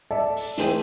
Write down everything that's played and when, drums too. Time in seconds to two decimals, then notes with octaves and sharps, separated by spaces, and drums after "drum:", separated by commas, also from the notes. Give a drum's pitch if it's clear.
0.11 A4 D5 E5 A5
0.36 drum: open hi-hat
0.58 E3 A3 G#4 C5 G5 D#7, drum: hi-hat